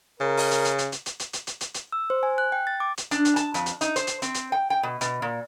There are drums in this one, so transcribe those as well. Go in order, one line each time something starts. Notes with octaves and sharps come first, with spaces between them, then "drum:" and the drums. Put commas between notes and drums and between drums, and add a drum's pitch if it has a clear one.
C#3 A#4
drum: open hi-hat
drum: hi-hat
drum: hi-hat
drum: hi-hat
drum: hi-hat
drum: hi-hat
drum: hi-hat
drum: hi-hat
drum: hi-hat
drum: hi-hat
drum: hi-hat
E6
C5
G#5
F#6
G5
A6
D6
drum: hi-hat
D4, drum: hi-hat
drum: hi-hat
A5, drum: hi-hat
F2, drum: hi-hat
drum: hi-hat
D#4, drum: hi-hat
C5, drum: hi-hat
drum: hi-hat
C4, drum: hi-hat
drum: hi-hat
G5
G5
B2
B2, drum: hi-hat
A#2